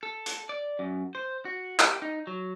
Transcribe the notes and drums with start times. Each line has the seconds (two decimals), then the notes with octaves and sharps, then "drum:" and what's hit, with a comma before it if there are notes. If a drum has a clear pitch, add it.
0.03 A4
0.26 drum: hi-hat
0.49 D5
0.79 F#2
1.15 C5
1.45 F#4
1.79 G4, drum: clap
2.02 D#4
2.27 F#3